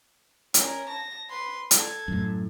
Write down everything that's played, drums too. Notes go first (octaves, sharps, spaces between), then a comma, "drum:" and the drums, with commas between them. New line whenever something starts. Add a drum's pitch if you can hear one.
C#4 A#4, drum: hi-hat
A5 A#6
B4 C6
A4 G#6, drum: hi-hat
F#2 A2